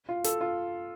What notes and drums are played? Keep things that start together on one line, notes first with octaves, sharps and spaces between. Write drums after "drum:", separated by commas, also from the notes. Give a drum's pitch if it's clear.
F4
A4, drum: hi-hat
F4